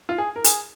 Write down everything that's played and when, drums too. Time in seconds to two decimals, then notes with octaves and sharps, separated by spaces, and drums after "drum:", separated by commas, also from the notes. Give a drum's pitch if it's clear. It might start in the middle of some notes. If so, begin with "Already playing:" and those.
0.09 F4
0.18 G#4
0.36 A#4
0.44 G#4, drum: hi-hat